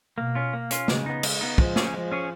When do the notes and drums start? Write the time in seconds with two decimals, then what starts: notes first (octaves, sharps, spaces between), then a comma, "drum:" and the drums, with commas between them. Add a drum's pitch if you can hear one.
0.18 B2 A#3
0.35 C#4 F4
0.53 A#3
0.71 C#4 F4, drum: hi-hat
0.88 C#3 G#3, drum: snare
1.06 B3 D#4
1.23 G#3, drum: cymbal
1.41 B3 D#4
1.58 F3 G#3, drum: kick
1.76 C#4 G#4 C#5, drum: snare
1.93 F3 G#3
2.11 C#4 G#4 C#5